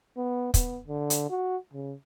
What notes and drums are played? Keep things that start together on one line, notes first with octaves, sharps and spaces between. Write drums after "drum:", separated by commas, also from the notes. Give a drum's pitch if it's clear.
B3
B3, drum: kick, hi-hat
D3
drum: hi-hat
F#4
C#3